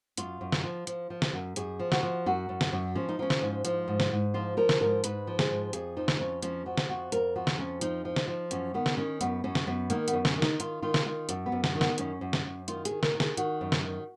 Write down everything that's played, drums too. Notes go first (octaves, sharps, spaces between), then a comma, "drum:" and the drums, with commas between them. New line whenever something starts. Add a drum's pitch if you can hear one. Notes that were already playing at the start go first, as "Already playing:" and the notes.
F#2 F4, drum: hi-hat
F#2
drum: snare
F3
F3, drum: hi-hat
F3
drum: snare
F#2
F#2 G#4, drum: hi-hat
F3
F#4, drum: snare
F3
F#2 F#4
F#2
drum: snare
F#2
F3 C#4
D#4
F3 C#4
drum: snare
G#2
F3, drum: hi-hat
G#2
drum: snare
G#2
F3 F4
F3 A#4
drum: snare
G#2 A#4
G#2 B4, drum: hi-hat
F3
G#4, drum: snare
G#2
F2 G#4, drum: hi-hat
F3 D#4
drum: snare
F2 C#4
F3 C#4, drum: hi-hat
F3 F#4
drum: snare
F2 F#4
F2 A#4, drum: hi-hat
F3 F#4
drum: snare
F2 C#4
F3 D#4, drum: hi-hat
F3
drum: snare
F3
F#2 C#4, drum: hi-hat
D#3 B3
drum: snare
D#3 C#4
F#2 B3, drum: hi-hat
F#2 C#4
drum: snare
F#2 B3
D#3 A#3, drum: hi-hat
B3, drum: hi-hat
F#2
C#4, drum: snare
D#3
D#4, drum: snare
D#3 F4, drum: hi-hat
D#3 F4
drum: snare
D#3 F4
F#2, drum: hi-hat
B3
F#2
C#4, drum: snare
D#3
B3, drum: snare
F#2 C#4, drum: hi-hat
F#2
drum: snare
F#2
D#3 F4, drum: hi-hat
G#4, drum: hi-hat
D#3
A#4, drum: snare
D#3
G#4, drum: snare
D#3 F#4, drum: hi-hat
F#2
drum: snare
D#3